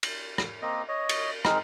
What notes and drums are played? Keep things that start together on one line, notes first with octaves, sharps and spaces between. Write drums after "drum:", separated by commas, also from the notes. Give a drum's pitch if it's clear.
drum: cymbal
drum: rim click
A#3 C4 D#5
C#5 D#5
drum: cymbal
G#3 C4 D#4 A#4, drum: rim click